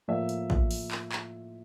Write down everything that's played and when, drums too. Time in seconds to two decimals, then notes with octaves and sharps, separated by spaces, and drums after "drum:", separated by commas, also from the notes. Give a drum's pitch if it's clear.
0.08 A2 F3 A#3 E5
0.29 drum: hi-hat
0.50 drum: kick
0.71 drum: open hi-hat
0.91 drum: clap
1.12 drum: clap